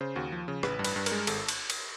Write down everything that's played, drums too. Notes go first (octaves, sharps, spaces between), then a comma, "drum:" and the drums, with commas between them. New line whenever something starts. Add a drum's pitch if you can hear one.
C#3 C5
D#2 F#4
F3
C#3
A1 B4, drum: rim click
G2
B4, drum: cymbal
G2
A#4, drum: cymbal
G#3
G#1 A4, drum: cymbal
drum: cymbal
drum: cymbal